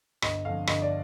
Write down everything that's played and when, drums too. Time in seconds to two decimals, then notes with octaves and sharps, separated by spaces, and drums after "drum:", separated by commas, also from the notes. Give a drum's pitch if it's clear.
0.22 G1 D#5, drum: rim click
0.45 F2 D3 F5
0.67 G1 D#5, drum: rim click
0.82 D5